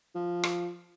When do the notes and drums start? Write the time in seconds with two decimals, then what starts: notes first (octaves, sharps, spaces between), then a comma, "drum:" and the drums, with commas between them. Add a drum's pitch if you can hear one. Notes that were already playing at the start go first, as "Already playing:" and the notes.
0.15 F3
0.43 drum: rim click